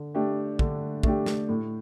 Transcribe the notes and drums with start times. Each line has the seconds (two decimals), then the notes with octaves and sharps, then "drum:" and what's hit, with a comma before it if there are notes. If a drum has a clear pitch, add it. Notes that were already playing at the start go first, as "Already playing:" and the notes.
Already playing: D3
0.15 A3 D4 G4
0.59 D3, drum: kick
1.03 A3 D4 G4, drum: kick
1.26 drum: snare
1.49 A2